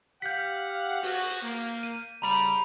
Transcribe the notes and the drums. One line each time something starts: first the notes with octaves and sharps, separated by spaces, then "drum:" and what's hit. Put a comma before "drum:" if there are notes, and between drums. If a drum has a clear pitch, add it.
G4 F5 F#5 G6 B6
F#4, drum: open hi-hat
A#3
D#7
C#3 G3 A#5 B5 F7